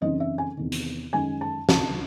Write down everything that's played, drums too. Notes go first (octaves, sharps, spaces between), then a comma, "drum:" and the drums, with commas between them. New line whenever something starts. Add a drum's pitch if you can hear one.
F#2 C#3 E3 C4 D#4 D#5
E5
G#5
E2 C3 D#3
drum: hi-hat
F#2 D#3 G#3 C#4 G#5
A5
C#2 C3 D#3 A5, drum: snare